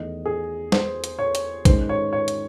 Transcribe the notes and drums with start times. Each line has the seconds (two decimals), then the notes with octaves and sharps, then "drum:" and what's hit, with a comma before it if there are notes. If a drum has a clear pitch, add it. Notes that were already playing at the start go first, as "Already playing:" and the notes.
Already playing: E2 D#3 A3 D#5
0.26 G#4
0.72 C5, drum: snare
1.04 drum: hi-hat
1.19 C#5
1.35 drum: hi-hat
1.65 G#2 D#3 G#3 C#4 C5, drum: kick, hi-hat
1.89 C#5
2.13 C#5
2.28 drum: hi-hat